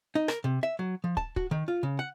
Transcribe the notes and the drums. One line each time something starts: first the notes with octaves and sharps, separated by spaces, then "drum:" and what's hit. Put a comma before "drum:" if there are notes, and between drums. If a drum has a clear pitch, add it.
D#4
A#4, drum: rim click
C3
E5
F#3
F3
A5, drum: kick
F#4, drum: kick
D#3
F4
C#3
F#5